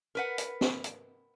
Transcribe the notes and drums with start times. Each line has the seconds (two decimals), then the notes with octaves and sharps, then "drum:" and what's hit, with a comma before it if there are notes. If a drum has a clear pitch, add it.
0.15 A#4 B4 F#5
0.38 drum: hi-hat
0.61 drum: snare
0.84 drum: hi-hat